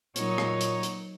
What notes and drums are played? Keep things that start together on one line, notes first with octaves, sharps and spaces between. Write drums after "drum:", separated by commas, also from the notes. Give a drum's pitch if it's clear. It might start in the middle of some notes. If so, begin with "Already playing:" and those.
A#2 F#3 D#4 C#5, drum: hi-hat
drum: rim click
drum: hi-hat
drum: hi-hat